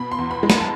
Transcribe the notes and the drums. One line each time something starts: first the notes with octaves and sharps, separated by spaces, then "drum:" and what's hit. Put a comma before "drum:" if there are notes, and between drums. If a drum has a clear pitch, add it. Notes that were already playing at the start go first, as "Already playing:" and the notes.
Already playing: B2 B5
C6
E2
B5
G#3
B5, drum: snare
A5